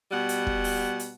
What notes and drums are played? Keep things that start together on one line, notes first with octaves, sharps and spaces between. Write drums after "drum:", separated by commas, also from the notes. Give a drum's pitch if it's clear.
B2 G3 F#5
drum: hi-hat
drum: kick
drum: open hi-hat
drum: hi-hat